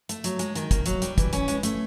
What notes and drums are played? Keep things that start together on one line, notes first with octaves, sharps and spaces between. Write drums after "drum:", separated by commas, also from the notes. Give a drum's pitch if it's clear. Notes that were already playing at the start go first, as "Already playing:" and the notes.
A3, drum: hi-hat
F#3, drum: hi-hat
G#3, drum: hi-hat
D#3, drum: hi-hat
A#3, drum: kick, hi-hat
F#3, drum: hi-hat
G3, drum: hi-hat
E3, drum: kick, hi-hat
C#4, drum: hi-hat
G#3, drum: hi-hat
A3, drum: hi-hat